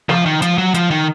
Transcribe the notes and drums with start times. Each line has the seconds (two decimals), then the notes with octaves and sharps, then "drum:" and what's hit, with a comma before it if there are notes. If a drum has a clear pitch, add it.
0.09 F3, drum: snare
0.26 D#3
0.42 F3, drum: hi-hat
0.58 F#3
0.74 F3, drum: hi-hat
0.91 D#3